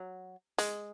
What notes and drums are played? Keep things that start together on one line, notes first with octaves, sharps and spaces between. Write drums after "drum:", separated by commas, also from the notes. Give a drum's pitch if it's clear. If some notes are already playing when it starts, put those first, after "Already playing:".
Already playing: F#3
G#3, drum: hi-hat